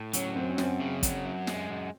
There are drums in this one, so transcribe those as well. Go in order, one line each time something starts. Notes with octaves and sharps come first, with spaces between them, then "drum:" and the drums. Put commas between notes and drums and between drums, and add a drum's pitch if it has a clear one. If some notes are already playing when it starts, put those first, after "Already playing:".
Already playing: A2
F#3 C#4, drum: hi-hat
F#2 C4
C#4
F#2 C4, drum: snare
C#3
F#3, drum: kick, hi-hat
F#2
G#3, drum: snare
F#2